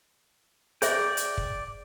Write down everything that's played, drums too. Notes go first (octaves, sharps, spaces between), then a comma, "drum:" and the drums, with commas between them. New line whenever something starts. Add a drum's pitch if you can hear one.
G#4 C5 D5 E5 G5, drum: hi-hat
drum: hi-hat
drum: kick